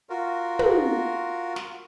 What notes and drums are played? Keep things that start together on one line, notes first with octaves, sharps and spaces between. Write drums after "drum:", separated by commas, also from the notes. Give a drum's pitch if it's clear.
F4 F#4 A#4
drum: tom
drum: snare